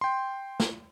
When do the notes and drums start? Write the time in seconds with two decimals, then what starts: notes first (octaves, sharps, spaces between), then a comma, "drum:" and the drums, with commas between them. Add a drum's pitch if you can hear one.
0.01 G5 C6
0.60 drum: snare